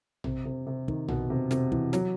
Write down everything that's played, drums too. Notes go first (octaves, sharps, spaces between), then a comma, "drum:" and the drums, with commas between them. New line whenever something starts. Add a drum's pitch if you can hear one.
C3, drum: tom A#1
C3
C3
D#3, drum: kick
B2, drum: tom A#1
C3
C3, drum: snare
E3, drum: kick
F#3, drum: snare